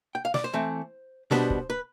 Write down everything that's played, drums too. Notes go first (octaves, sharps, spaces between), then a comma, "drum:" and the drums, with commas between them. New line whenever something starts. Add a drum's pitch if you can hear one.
G5
F5
D5, drum: snare
C5
E3 A3 C4
B2 G3 B3 D4 C5, drum: snare
drum: kick
B4